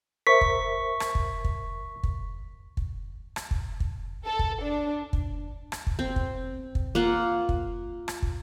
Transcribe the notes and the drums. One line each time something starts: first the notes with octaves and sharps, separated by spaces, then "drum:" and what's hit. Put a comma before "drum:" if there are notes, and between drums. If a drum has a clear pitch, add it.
A#4 C5 E5 C#6 B6
drum: kick
drum: rim click
drum: kick
drum: kick
drum: kick
drum: kick
drum: rim click
drum: kick
drum: kick
A4
drum: kick
D4
drum: kick
drum: rim click
drum: kick
C4
drum: kick
drum: kick
A#3 F4 F#5
drum: kick
drum: rim click
drum: kick